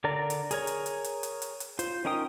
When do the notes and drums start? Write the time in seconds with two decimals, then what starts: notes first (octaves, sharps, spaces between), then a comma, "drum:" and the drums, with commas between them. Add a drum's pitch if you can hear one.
0.04 D3 A#4 D5 A#5
0.30 drum: hi-hat
0.51 G#4 A#4 C#5, drum: hi-hat
0.67 drum: hi-hat
0.86 drum: hi-hat
1.04 drum: hi-hat
1.23 drum: hi-hat
1.42 drum: hi-hat
1.60 drum: hi-hat
1.79 F4 C5, drum: hi-hat
2.05 C#4 D#4 A#4 G5 D#6